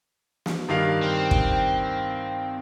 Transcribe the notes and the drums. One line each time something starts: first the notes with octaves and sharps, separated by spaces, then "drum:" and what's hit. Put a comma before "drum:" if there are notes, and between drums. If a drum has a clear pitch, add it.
drum: snare
G2 D#3 F5
C4
drum: kick